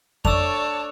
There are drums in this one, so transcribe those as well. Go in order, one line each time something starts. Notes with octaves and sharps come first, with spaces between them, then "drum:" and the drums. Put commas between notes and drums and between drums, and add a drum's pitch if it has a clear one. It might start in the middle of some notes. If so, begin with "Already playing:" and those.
A3 D4 C#5 D5 A5 E6 F7, drum: kick F2